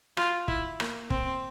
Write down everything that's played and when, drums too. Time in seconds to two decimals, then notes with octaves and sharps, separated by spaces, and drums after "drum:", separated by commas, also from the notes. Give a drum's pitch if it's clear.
0.17 F4, drum: rim click
0.48 E4, drum: kick
0.80 A#3, drum: rim click
1.10 C4, drum: kick